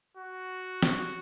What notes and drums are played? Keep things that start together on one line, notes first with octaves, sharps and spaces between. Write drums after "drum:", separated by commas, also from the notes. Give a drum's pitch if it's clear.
F#4
drum: snare